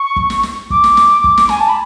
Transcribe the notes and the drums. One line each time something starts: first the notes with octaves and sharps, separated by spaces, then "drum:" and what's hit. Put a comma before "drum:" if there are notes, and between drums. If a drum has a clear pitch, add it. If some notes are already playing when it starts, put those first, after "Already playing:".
Already playing: C#6
drum: kick
drum: snare
drum: snare
D6, drum: kick
drum: snare
drum: snare
drum: kick
drum: snare
G#5, drum: snare
A5
B5